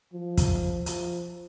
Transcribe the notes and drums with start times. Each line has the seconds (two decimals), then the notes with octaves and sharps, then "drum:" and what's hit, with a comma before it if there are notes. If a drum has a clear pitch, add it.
0.13 F3
0.37 drum: kick, hi-hat
0.86 F3, drum: hi-hat